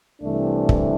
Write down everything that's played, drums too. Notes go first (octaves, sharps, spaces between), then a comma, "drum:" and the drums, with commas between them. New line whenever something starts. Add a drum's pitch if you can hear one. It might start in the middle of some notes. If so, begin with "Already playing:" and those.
C2 C3 E3 A3 D4
drum: kick